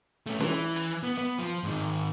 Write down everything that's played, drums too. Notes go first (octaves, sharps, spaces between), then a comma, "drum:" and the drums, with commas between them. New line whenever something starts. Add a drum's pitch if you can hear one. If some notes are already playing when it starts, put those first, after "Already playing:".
A3 C#4
E3, drum: snare C#4
drum: hi-hat
B3
B3
F3
G#2 D#3